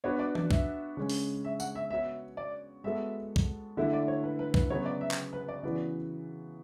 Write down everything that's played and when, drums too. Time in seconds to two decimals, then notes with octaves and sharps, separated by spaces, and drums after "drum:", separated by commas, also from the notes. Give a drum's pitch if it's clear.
0.04 B3 D4 F#4 B4 C#5
0.19 D5
0.35 D5, drum: tom E3
0.51 E5, drum: kick
0.97 C#3 G#3 C#4
1.09 drum: open hi-hat
1.44 E5
1.60 F#5, drum: tambourine
1.75 E5
1.90 B3 F#4 C#5 E5
2.37 D5
2.84 G#3 B3 F#4 A4 E5
3.36 drum: kick
3.77 D3 A3 E4 E5
3.93 D5
4.08 C#5
4.24 B4
4.39 B4
4.54 B4, drum: kick
4.70 C#3 F#3 B3 F#4 B4 C#5
4.86 D5
5.01 E5
5.11 drum: clap
5.33 B4
5.48 D5
5.63 C#3 E3 B3 F#4 B4 D5